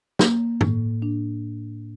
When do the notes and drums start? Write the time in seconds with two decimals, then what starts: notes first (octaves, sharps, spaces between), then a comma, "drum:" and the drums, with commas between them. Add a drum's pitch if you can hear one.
0.19 A#3, drum: snare
0.61 A2, drum: tom G2
1.02 D4